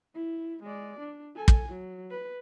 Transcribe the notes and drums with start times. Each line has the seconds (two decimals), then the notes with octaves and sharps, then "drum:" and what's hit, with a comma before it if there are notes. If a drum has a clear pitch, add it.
0.15 E4
0.63 G#3 D5
1.00 D4
1.36 A4 G#5
1.48 drum: kick
1.69 F#3
2.11 B4